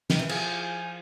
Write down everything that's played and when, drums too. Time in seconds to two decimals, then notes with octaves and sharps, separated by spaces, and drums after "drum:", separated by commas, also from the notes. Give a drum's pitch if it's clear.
0.10 D#3, drum: snare
0.19 E3
0.29 F3 G#5, drum: cymbal
0.61 G#5